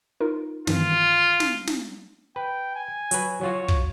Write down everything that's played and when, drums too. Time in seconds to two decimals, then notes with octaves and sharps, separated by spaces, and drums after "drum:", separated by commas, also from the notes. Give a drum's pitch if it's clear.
0.20 D#4 F4 A#4
0.67 G2 D#3 E3 F4, drum: snare
1.40 drum: snare
1.67 drum: snare
2.36 B4 G5
2.76 G#5
3.11 F#3 F#4 B4, drum: hi-hat
3.41 F#3 F4 F#4 C#5
3.68 drum: kick